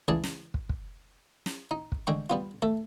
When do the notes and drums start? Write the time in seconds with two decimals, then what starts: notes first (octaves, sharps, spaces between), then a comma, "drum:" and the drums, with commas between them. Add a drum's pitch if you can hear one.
0.08 C#2 E3 G#4 D5 A5
0.23 drum: snare
0.54 drum: kick
0.69 drum: kick
1.46 drum: snare
1.71 D#4
1.92 drum: kick
2.07 D3 G#3 G5 C#6
2.30 G3 B3 F4
2.62 A3 A4